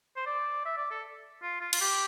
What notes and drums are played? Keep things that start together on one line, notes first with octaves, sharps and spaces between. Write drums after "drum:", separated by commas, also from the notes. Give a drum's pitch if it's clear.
C5
D5
E5
D5
A4
F4
F4
F4, drum: cymbal
G4